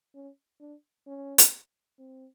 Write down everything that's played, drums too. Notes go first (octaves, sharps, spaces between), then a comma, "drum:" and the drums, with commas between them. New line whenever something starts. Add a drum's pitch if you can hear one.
C#4
D4
C#4
drum: hi-hat
C4